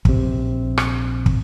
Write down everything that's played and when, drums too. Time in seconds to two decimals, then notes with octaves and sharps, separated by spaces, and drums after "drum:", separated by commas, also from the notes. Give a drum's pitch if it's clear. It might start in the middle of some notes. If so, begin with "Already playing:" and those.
0.05 A#1 C3, drum: kick
0.78 drum: rim click
1.26 drum: kick